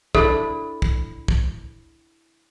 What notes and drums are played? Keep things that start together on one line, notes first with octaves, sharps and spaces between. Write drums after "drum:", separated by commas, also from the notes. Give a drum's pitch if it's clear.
D4 E4 A4, drum: kick
drum: kick
drum: kick